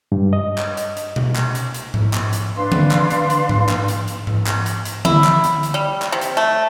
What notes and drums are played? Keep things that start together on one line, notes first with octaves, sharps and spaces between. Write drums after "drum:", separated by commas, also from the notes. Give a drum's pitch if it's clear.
G2
D#5
drum: clap
drum: hi-hat
drum: hi-hat
drum: tom B2
drum: clap
drum: hi-hat
drum: hi-hat
drum: tom G#2
drum: clap
drum: hi-hat
D4 B4 F5 C6
drum: tom D3
drum: clap
drum: hi-hat
drum: hi-hat
drum: tom G#2
drum: clap
drum: hi-hat
drum: hi-hat
drum: tom G#2
drum: clap
drum: hi-hat
drum: hi-hat
E4, drum: tom D3
drum: clap
drum: hi-hat
drum: hi-hat
G3
drum: clap
C3
drum: hi-hat
A3